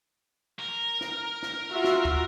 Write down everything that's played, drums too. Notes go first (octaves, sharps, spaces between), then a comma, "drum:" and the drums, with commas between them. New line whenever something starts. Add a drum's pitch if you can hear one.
A#4
drum: snare
drum: snare
F4 F#4 E5
drum: snare
drum: kick